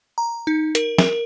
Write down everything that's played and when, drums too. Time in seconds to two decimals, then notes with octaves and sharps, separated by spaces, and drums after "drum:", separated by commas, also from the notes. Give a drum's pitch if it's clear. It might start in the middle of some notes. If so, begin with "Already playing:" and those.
0.18 A#5
0.47 D#4
0.75 A#4, drum: hi-hat
0.98 A#4, drum: snare